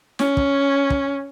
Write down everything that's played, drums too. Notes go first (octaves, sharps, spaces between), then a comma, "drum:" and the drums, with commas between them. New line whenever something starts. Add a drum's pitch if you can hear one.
C#4, drum: snare
drum: kick
drum: kick